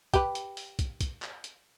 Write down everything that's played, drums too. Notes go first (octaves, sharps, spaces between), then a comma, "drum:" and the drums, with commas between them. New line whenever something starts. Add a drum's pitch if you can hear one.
G4 B4, drum: kick, hi-hat
drum: hi-hat
drum: open hi-hat
drum: kick, hi-hat
drum: kick, hi-hat
drum: clap
drum: hi-hat